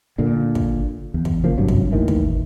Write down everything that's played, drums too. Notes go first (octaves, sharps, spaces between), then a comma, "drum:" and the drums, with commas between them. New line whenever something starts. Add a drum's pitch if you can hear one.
A#2 D3
drum: kick
E2
drum: kick
C#3 F3 A#3
G#1 G2 C3 F#3
drum: kick
D#2 A2 D#3 E3
drum: kick